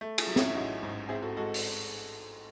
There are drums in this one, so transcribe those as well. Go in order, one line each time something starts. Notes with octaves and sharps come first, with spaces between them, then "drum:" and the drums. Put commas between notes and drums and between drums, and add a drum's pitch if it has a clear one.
A3
E4 G#4, drum: cymbal
F#3
C#4 E4, drum: snare
E4
A1 D#4 F#4
G#2
C4 E4 G#4
F#4 A4
G#3 F#4 A4
drum: open hi-hat